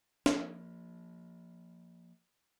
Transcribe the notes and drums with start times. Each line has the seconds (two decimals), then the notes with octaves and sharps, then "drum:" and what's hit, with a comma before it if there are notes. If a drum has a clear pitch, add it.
0.26 F3 A#3, drum: snare